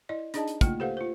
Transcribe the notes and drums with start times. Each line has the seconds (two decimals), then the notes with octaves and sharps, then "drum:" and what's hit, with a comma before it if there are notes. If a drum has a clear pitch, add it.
0.09 E4 D5 D#5
0.34 D4 D#4 G#4 D5 D#5 A5, drum: hi-hat
0.48 drum: hi-hat
0.61 A3 A#3 F4 G5, drum: kick, hi-hat
0.80 G4 A4 B4 C5 F5 F#5
0.97 F4 C5